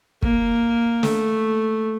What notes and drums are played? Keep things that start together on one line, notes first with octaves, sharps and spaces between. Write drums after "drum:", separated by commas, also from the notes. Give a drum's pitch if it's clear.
A#3, drum: kick
A3, drum: snare